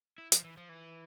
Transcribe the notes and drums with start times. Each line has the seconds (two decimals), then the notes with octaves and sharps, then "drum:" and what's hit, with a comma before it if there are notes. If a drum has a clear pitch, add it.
0.18 E4
0.32 F3, drum: hi-hat
0.44 E3
0.57 F3
0.69 E3